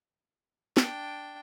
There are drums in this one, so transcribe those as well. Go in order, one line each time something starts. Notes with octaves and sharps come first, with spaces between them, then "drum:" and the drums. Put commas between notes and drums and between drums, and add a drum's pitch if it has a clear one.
D4 G5, drum: snare